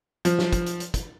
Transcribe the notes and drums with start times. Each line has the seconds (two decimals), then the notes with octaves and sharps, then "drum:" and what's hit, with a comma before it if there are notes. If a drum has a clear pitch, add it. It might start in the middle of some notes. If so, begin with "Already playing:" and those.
0.25 F3, drum: hi-hat
0.39 drum: snare
0.53 drum: kick, hi-hat
0.66 drum: hi-hat
0.80 drum: hi-hat
0.94 drum: kick, hi-hat